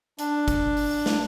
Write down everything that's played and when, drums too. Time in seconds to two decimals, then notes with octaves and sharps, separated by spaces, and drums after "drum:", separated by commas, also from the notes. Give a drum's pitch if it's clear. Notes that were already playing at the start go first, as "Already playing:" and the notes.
0.19 D4, drum: hi-hat
0.48 drum: kick, hi-hat
0.77 drum: open hi-hat
1.06 drum: snare